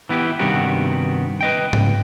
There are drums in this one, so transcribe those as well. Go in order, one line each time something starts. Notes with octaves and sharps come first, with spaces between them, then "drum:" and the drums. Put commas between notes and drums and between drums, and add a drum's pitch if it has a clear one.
E3 B3 E4 G4
G2 C3 D#3 B3 F#4 G4
B4 D#5 G5
C#2 C3, drum: tom G#2